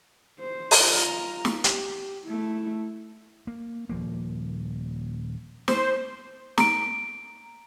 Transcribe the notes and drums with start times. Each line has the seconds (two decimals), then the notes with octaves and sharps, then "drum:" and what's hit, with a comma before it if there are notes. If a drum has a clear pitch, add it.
0.39 C5
0.71 drum: open hi-hat
0.84 F4 A#5
1.45 drum: snare
1.64 G4, drum: hi-hat
2.26 A3 E4
3.47 A#3
3.89 D#1 F3 A#3
5.68 C5, drum: snare
6.58 A#5 D7, drum: snare